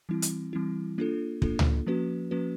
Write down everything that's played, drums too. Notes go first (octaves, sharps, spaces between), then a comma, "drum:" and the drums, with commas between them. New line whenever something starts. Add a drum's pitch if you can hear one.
E3 G3 C4 E4
drum: hi-hat
E3 G3 C4 E4
A#3 D4 F4 A4
A#3 D4 F4 A4, drum: kick
drum: tom C#2
F3 A#3 C#4 F#4 B4
F3 A#3 C#4 F#4 B4